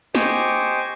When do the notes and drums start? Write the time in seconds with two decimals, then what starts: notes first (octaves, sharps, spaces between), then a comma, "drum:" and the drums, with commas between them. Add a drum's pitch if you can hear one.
0.15 G4 C5 D#5 G#5 C#6 D6, drum: snare